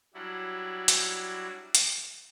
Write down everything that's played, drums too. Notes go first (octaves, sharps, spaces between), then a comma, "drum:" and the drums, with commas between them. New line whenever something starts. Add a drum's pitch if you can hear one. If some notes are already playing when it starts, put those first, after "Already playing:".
F#3 G3 D4 E4 F#4
drum: hi-hat
drum: hi-hat